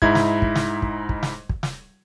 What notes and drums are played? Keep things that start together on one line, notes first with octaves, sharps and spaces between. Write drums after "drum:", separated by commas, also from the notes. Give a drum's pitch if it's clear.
G#2 D#4 E4 G#6, drum: kick
drum: snare
drum: kick
drum: snare
drum: kick
drum: kick
drum: snare
drum: kick
drum: snare